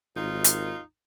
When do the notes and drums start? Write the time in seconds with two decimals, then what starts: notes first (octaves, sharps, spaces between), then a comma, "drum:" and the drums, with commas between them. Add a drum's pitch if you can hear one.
0.15 G#1 D#2 D#4 F4
0.44 drum: hi-hat